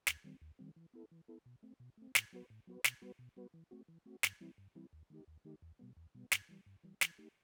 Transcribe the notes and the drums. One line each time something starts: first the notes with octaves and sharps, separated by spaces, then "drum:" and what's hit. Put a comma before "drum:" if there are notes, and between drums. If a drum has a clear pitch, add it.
D#2, drum: snare
D#3 G3 C4
D#2
D#3 G3 C4
E3
B3 E4 A4
E3
B3 E4 A4
B2
A3 C4
B2
A3 C4
A2, drum: snare
F#3 B3 F#4 B4
A2
F#3 B3 F#4 B4
B2, drum: snare
G3 B3 F#4 B4
B2
G3 B3 F#4 B4
E3
A3 C4 F#4
E3
A3 C4 F#4
G2, drum: snare
E3 G3 C4 E4
G2
E3 G3 C4 E4
D#2
D#3 A3 D#4 G4
D#2
D#3 A3 D#4 G4
E2
B2 G3 B3
E2
B2 G3 B3
G2, drum: snare
E3 G3
G2
E3 G3
E3, drum: snare
A3 D#4 G4